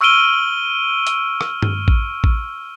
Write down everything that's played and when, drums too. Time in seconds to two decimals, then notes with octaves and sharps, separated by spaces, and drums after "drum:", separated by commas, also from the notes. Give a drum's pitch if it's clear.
0.01 C#6 E6 F6 D7 D#7 G7
1.07 drum: hi-hat
1.41 drum: rim click
1.62 drum: tom G2
1.88 drum: kick A1
2.24 drum: kick A1